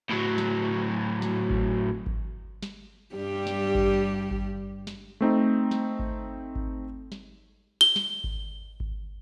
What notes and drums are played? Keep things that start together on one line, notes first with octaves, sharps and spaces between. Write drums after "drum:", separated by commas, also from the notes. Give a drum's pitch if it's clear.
A2 F#3
drum: snare
drum: snare
drum: kick G#1
drum: kick G#1
drum: snare
G2 G3 G4
drum: snare
drum: kick G#1
drum: kick G#1
drum: snare
A3 C4 D#4
drum: snare
drum: kick G#1
drum: kick G#1
drum: snare
G7
drum: snare
drum: kick G#1
drum: kick G#1